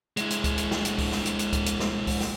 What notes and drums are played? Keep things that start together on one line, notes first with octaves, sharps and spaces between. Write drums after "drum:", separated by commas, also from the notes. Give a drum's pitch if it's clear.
G#3 E4, drum: hi-hat
drum: hi-hat
drum: kick C#2, hi-hat
drum: hi-hat
drum: snare
drum: hi-hat
drum: kick C#2, open hi-hat
drum: snare
drum: hi-hat
drum: hi-hat
drum: kick C#2, hi-hat
drum: hi-hat
drum: snare
drum: kick C#2, open hi-hat
drum: snare